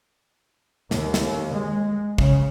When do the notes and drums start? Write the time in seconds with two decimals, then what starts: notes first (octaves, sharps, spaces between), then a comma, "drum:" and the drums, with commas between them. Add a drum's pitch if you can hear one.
0.91 D#2, drum: snare
1.14 drum: snare
1.55 G#3
2.18 C#3, drum: kick